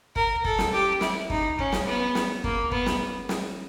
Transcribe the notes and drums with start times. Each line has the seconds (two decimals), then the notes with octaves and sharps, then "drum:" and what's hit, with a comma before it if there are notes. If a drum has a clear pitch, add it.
0.16 A#4, drum: kick
0.45 A4, drum: kick
0.59 drum: snare
0.73 G4
1.01 E4, drum: snare
1.30 D#4, drum: kick
1.59 C#4, drum: kick
1.72 drum: snare
1.86 B3
2.15 drum: snare
2.44 A#3, drum: kick
2.72 B3, drum: kick
2.86 drum: snare
3.29 drum: snare